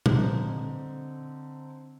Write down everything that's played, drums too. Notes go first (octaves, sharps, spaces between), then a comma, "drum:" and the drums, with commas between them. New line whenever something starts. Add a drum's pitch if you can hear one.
D3 C4 D#4, drum: tom A#2